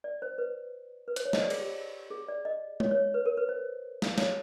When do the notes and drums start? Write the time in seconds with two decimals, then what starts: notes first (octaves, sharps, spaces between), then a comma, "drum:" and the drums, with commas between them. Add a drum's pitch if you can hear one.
0.04 D5
0.22 C5
0.38 B4
1.08 B4
1.16 C5, drum: hi-hat
1.25 C#5
1.33 D#5, drum: snare
1.42 D5
1.50 G#4, drum: cymbal
1.60 G4
2.10 G#4
2.28 D5
2.45 D#5
2.80 C#5, drum: tom G#3
2.91 C#5
3.14 B4
3.26 A#4
3.37 B4
3.49 C5
4.02 drum: snare
4.18 C#5, drum: snare